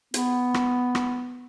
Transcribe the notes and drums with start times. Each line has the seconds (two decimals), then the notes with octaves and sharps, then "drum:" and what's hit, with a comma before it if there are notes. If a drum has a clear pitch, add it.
0.14 B3, drum: hi-hat
0.54 drum: rim click
0.95 drum: rim click